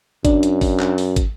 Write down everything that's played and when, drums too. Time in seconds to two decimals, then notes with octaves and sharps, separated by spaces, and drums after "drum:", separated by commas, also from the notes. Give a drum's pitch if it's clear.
0.25 F#2 D4, drum: kick, hi-hat
0.43 drum: hi-hat
0.61 drum: kick, open hi-hat
0.80 drum: clap
0.98 drum: open hi-hat
1.16 drum: kick, hi-hat